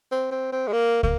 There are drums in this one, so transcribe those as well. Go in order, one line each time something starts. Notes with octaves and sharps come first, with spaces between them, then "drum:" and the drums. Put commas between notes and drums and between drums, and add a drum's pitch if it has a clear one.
C4
C4
C4
G#3
A#3
A#3, drum: kick